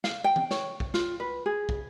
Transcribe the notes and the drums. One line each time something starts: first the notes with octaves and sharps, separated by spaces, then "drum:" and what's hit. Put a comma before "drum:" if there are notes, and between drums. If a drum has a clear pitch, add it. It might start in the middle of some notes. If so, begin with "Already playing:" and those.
F5, drum: snare
G5
drum: tom E3
C#5, drum: snare
drum: kick
F4, drum: snare
B4
G#4
drum: kick